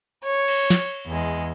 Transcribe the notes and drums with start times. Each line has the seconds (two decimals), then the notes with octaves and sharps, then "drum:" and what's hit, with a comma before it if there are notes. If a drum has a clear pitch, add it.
0.24 C#5
0.48 drum: cymbal
0.70 drum: snare
1.07 E2 G#3